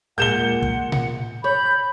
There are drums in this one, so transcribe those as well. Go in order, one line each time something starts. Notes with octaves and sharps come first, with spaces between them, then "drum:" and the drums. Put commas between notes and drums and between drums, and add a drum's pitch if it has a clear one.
A#2 G#3 F#5 G6 E7 G7
drum: kick
drum: tom A#2
C#5 B5 G6